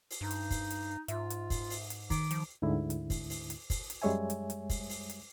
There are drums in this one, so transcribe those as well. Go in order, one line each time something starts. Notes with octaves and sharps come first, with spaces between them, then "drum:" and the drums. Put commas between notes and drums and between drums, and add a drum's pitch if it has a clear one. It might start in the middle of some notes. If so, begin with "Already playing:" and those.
drum: open hi-hat
G2 D#4
drum: hi-hat
drum: kick, open hi-hat
drum: hi-hat
G#2 F4 E5, drum: hi-hat
drum: hi-hat
drum: kick, open hi-hat
drum: open hi-hat
drum: hi-hat
D#3 D6, drum: kick, open hi-hat
F3, drum: hi-hat
D2 G#2 D3 E4
drum: hi-hat
drum: kick, open hi-hat
drum: open hi-hat
drum: hi-hat
drum: kick, open hi-hat
drum: hi-hat
F#2 G3 G#3 C#5 E5 G#5
drum: hi-hat
drum: hi-hat
drum: kick, open hi-hat
drum: open hi-hat
drum: hi-hat